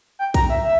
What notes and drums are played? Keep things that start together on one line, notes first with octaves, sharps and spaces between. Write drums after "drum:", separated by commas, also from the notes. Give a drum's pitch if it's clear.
G5
A#5, drum: kick A#1, hi-hat
E5
E5